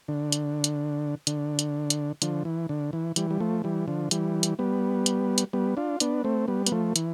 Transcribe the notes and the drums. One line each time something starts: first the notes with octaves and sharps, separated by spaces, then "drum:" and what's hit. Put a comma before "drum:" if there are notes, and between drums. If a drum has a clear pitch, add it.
D3
drum: hi-hat
drum: hi-hat
D3, drum: hi-hat
drum: hi-hat
drum: hi-hat
D3 F3, drum: hi-hat
E3
D3
E3
E3 G3, drum: hi-hat
G3
F3 A3
E3 G3
D3 F3
E3 G3, drum: hi-hat
drum: hi-hat
G3 B3
drum: hi-hat
drum: hi-hat
G3 B3
D4 F4
B3 D4, drum: hi-hat
A3 C4
G3 B3
B3, drum: hi-hat
F3 A3
E3, drum: hi-hat